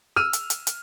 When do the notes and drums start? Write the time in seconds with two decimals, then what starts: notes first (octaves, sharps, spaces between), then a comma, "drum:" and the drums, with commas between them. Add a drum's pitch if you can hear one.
0.16 E6 F6 D#7
0.33 drum: hi-hat
0.50 drum: hi-hat
0.67 drum: hi-hat